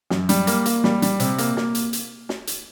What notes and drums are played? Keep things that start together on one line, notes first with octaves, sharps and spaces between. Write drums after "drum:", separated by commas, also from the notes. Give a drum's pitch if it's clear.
F#2, drum: snare
G3, drum: hi-hat
A#3, drum: hi-hat
A#3, drum: hi-hat
G3, drum: snare
G3, drum: hi-hat
C3, drum: hi-hat
A#3, drum: hi-hat
A#3, drum: snare
drum: hi-hat
drum: hi-hat
drum: snare
drum: hi-hat